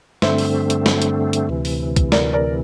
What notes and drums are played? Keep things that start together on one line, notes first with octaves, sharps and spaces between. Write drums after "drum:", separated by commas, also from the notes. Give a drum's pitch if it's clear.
G2 D3 A3 C4 C5 E5, drum: snare
drum: open hi-hat
drum: hi-hat
drum: snare
drum: hi-hat
drum: hi-hat
D2 C3 E3
drum: open hi-hat
drum: kick, hi-hat
A#4 D5, drum: snare
A#4 D5